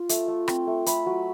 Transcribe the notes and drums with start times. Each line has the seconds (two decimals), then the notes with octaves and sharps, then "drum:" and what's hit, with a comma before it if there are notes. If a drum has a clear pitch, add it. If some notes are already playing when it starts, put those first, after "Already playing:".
Already playing: F4
0.09 A3, drum: hi-hat
0.28 A3
0.48 C4, drum: rim click
0.67 A3
0.86 A3 B5, drum: hi-hat
1.06 F#3